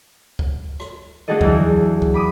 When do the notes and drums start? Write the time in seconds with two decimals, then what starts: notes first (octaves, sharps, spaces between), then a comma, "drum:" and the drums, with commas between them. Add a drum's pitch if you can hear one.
0.39 drum: kick
0.80 drum: rim click
1.28 A3 D4 F#4 G#4 A4 D#5
1.41 E2 E3 F#3, drum: kick
2.02 drum: kick
2.14 B5 D6 D#6